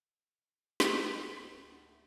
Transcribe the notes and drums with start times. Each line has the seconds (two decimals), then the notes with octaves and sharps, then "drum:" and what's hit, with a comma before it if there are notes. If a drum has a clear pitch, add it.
0.80 drum: snare
1.21 F1 C2 A#4
1.38 D1 C4 A#5 C6
1.66 B3 A5
1.85 A3 G5